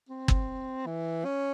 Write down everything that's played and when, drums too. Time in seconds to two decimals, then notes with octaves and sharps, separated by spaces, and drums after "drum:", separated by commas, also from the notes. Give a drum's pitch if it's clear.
0.09 C4
0.28 drum: kick
0.86 E3
1.25 C#4